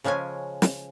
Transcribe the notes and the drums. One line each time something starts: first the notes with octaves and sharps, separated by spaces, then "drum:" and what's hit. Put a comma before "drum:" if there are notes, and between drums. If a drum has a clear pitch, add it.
C#3 F3 G#3 C#4 G#5
drum: snare